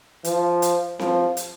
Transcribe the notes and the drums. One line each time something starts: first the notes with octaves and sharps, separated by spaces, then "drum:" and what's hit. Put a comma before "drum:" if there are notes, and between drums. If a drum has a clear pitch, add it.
F3, drum: hi-hat
drum: hi-hat
F3, drum: snare C4
drum: hi-hat